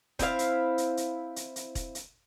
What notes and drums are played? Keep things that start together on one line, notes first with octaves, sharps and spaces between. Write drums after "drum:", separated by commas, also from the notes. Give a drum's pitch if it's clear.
C4 E4 G#4 F5, drum: kick E1, hi-hat
drum: hi-hat
drum: hi-hat
drum: hi-hat
drum: hi-hat
drum: hi-hat
drum: kick E1, hi-hat
drum: hi-hat